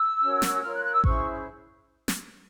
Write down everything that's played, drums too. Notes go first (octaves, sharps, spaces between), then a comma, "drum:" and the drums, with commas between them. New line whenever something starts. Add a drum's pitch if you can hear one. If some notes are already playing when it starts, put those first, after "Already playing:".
Already playing: E6
C#4 F#4 A#4 C#5
drum: snare
F4 A#4 C#5 F6
F#6
F#6
E6
C#4 E4 G#4 C5 C#6, drum: kick A1
drum: snare